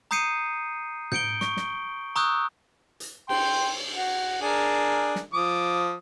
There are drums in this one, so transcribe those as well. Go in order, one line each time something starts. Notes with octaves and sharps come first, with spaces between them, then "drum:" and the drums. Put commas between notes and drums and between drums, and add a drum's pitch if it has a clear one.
A#5 D#6 G6 C7 C#7 D#7
G6 C#7 D7 G7, drum: tom
C#6, drum: snare
drum: snare
A#5 C#6 D#6 E6 F#6 G6
drum: hi-hat
G5 C6, drum: cymbal
F#4
D4 G#4 A#4
drum: snare
F3 D6 D#6